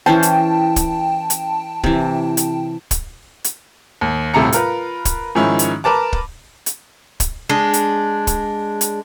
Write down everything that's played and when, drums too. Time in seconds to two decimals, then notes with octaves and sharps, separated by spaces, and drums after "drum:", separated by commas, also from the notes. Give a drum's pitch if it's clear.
0.06 E3 C#4 C5 G5 A5
0.23 drum: hi-hat
0.76 drum: kick, hi-hat
1.30 drum: hi-hat
1.84 C3 E3, drum: kick
2.37 drum: hi-hat
2.91 drum: kick, hi-hat
3.44 drum: hi-hat
4.01 D#2
4.34 D#1 A2 C3 A5 A#5 C#7
4.52 F4 A#4 B4, drum: hi-hat
5.05 drum: kick, hi-hat
5.35 G#2 D#3 F3 C#4 E4
5.59 drum: hi-hat
5.84 A#4 B4 A5 D6
6.13 drum: kick
6.66 drum: hi-hat
7.20 drum: kick, hi-hat
7.50 G#3 D4
7.73 drum: hi-hat
8.27 drum: kick, hi-hat
8.81 drum: hi-hat